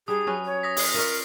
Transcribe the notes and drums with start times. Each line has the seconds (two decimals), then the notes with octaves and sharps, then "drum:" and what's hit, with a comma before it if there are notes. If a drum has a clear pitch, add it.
0.08 G3 D4 G#4 D#6
0.27 F#3 C#4 B4
0.45 C#5
0.63 D#6 A#6 B6
0.77 D#6 C7, drum: open hi-hat
0.94 F4 A#4 C#5